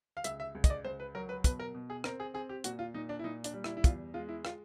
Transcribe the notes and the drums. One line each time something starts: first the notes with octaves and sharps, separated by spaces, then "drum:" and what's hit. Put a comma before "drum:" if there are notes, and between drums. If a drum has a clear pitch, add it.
F5
C#2 E5, drum: hi-hat
E5
C#2
D#5, drum: kick, hi-hat
D5
C#2 C5
B4
F#3 A#4
B4
B2 B4, drum: kick, hi-hat
A#4
B2
G#4
C4 A#4, drum: rim click
G#4
C4 G#4
G4
A#2 F#4, drum: hi-hat
F4
A#2 D#4
D4
E4
A#2 D#4
D4, drum: hi-hat
G3
E4, drum: rim click
E4
E2 F4, drum: kick, hi-hat
G#3 F4
E4
F4, drum: rim click